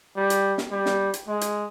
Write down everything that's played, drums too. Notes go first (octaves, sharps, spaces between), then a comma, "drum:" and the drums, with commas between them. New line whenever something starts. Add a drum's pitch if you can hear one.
G3
drum: hi-hat
drum: snare
G3
drum: snare
drum: hi-hat
G#3
drum: hi-hat